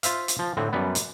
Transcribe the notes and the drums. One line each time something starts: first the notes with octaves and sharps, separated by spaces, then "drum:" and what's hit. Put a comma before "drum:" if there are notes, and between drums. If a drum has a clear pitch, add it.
F4 C5 E5 F5, drum: hi-hat
drum: hi-hat
F3
A2 D3 C4
F#2 G3 B3
drum: hi-hat